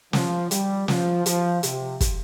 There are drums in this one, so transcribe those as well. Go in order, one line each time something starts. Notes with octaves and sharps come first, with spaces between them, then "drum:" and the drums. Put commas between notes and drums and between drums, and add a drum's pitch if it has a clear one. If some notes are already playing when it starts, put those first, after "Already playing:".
F3, drum: snare
G3, drum: hi-hat
F3, drum: snare
F3, drum: hi-hat
C3, drum: hi-hat
drum: kick, hi-hat